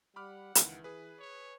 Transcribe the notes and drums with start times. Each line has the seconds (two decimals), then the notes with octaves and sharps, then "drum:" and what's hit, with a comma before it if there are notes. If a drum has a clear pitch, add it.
0.16 G3 F#5 B5 D6 F6
0.55 C#2 D#3 E3, drum: hi-hat
0.84 G#4 B4
1.20 C#5